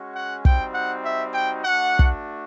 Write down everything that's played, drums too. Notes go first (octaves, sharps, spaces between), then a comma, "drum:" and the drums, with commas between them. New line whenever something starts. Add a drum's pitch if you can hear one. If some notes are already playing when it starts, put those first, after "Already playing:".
Already playing: G#3 C#4 F#4
F#5
G3 C4 D#4 F#4 G5, drum: kick
F#5
E5
G5
A3 D4 F#4 F#5
drum: kick